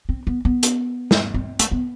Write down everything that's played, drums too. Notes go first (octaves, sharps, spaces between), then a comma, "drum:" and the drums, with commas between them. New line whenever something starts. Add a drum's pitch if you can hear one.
C4
B3
B3
drum: hi-hat
drum: snare
C4
A3, drum: hi-hat
B3